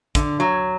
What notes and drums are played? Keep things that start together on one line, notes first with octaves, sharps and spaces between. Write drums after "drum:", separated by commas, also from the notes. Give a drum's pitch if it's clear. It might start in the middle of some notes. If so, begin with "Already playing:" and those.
D3, drum: kick, hi-hat
F#3